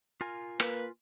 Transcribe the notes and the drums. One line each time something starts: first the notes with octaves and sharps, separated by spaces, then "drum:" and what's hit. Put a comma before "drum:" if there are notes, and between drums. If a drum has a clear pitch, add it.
F4 A#4 G#5
A#3 B4, drum: rim click